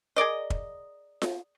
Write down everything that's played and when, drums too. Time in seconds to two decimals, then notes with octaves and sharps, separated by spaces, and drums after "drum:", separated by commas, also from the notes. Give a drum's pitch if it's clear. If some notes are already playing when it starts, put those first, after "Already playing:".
0.16 G#4 A#4 D5 D#5
0.50 drum: kick
1.22 drum: snare F4